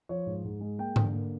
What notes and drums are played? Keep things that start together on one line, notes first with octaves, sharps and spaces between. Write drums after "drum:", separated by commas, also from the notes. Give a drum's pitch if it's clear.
F3 C#5
G#2
G#2
G#3
A#3 G5
D3, drum: tom G#2
A#3